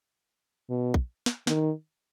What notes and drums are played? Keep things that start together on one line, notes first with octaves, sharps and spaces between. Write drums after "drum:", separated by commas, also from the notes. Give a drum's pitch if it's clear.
B2
drum: kick
drum: snare
D#3, drum: snare